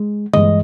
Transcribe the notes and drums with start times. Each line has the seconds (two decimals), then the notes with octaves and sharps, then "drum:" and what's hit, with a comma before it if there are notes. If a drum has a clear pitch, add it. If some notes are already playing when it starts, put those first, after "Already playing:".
Already playing: G#3
0.34 G2 E3 G#3 D#5, drum: tom D3